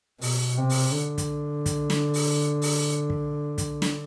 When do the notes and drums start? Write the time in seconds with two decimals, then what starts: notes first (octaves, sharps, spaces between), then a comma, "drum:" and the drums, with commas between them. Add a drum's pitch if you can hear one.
0.22 B2, drum: open hi-hat
0.57 C3
0.70 drum: open hi-hat
0.93 D3
1.18 drum: kick, hi-hat
1.66 drum: kick, hi-hat
1.90 drum: snare
2.14 drum: open hi-hat
2.62 drum: open hi-hat
3.10 drum: kick
3.58 drum: kick, hi-hat
3.82 drum: snare